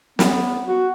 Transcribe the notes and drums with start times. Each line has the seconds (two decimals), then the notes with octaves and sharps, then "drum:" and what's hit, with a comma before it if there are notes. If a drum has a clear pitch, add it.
0.19 B3, drum: snare
0.67 F#4